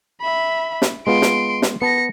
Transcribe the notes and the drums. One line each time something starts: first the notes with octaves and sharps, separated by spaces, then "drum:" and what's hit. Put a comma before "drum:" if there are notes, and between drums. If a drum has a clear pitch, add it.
E5 B5
drum: snare
G#3 B3 F4 C6 D7
drum: snare
drum: snare
B3 A5 A#6 C#7